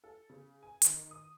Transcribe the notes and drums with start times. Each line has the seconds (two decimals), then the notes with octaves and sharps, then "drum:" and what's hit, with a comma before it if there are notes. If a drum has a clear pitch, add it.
0.04 A4
0.30 C#3
0.62 G#5
0.82 D#3, drum: hi-hat
1.11 D#6